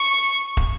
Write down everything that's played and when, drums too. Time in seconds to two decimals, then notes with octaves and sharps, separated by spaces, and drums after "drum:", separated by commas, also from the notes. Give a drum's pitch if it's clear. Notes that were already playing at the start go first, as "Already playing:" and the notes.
Already playing: C#6
0.57 drum: kick